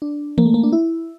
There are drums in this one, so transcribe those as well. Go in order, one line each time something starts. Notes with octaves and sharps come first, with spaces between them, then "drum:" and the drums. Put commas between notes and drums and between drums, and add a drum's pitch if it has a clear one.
D4
A#3, drum: tom E3
A3
A#3
D4
E4